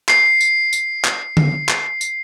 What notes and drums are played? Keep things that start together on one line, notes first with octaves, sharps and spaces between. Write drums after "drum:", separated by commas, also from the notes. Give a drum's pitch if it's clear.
C7, drum: clap
drum: tambourine
drum: tambourine
drum: clap
drum: tom D3
drum: clap
drum: tambourine